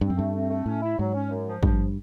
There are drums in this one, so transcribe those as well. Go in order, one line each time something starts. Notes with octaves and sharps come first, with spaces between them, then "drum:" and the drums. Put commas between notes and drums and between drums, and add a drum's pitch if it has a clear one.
G2 C4
F#2
G2 A3
C4
A3
A2 C#4
E4
G#2 F#3
C#4
F#2
F3
G2 F3, drum: kick